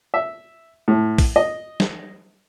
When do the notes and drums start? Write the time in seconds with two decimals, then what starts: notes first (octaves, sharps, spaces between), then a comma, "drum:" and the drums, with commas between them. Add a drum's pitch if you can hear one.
0.14 E5
0.88 A2
1.18 drum: kick, open hi-hat
1.36 D#5
1.80 drum: snare